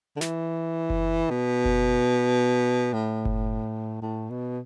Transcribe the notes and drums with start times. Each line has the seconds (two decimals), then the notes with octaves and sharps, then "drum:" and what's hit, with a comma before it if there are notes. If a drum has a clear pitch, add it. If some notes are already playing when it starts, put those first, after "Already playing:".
0.16 D3
0.21 E3, drum: snare
0.90 drum: kick F#1
1.30 B2
1.65 drum: kick F#1
2.94 A2
3.25 drum: kick F#1
4.02 A2
4.30 B2